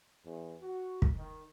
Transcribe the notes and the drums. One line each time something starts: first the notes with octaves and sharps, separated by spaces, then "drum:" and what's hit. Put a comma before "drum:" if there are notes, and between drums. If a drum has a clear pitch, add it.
E2
F#4
drum: kick
D#3